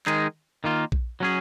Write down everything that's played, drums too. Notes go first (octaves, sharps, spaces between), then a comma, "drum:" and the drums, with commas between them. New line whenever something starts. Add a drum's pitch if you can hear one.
D#3 G#3 D#4 G#4, drum: clap
D#3 A#3 F4
drum: kick A#1
F#3 C#4 G#4